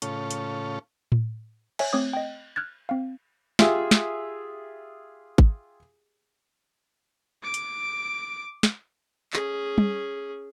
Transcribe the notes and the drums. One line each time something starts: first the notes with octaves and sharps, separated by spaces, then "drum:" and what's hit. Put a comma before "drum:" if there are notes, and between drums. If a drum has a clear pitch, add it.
A2 C#3 C#4 F4 A4, drum: hi-hat
drum: hi-hat
drum: tom A2
C#5 E5 G#5, drum: cymbal
A3 C4 C#5 D6 D#6
D#5 G5
F6 F#6 G#6 A6
C4 F5
F4 G4 G#4 E5, drum: snare
drum: snare
drum: kick G#1
D6 D7
drum: hi-hat
drum: snare
C#4 G#4, drum: clap
drum: tom